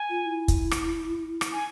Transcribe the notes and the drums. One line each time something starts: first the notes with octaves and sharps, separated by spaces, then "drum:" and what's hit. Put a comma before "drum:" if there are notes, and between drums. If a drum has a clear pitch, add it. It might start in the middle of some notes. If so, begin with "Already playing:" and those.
Already playing: G#5
F4
E4
drum: kick, hi-hat
drum: rim click
drum: rim click
G#5